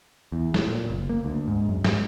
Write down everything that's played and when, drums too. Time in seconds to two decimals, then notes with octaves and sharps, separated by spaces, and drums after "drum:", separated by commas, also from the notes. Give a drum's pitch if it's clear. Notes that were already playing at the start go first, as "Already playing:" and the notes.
0.32 E2
0.54 A2, drum: snare
0.68 A#2
0.90 F#1
1.10 A#3
1.25 D2
1.48 G#2
1.69 F#2
1.84 G#2, drum: snare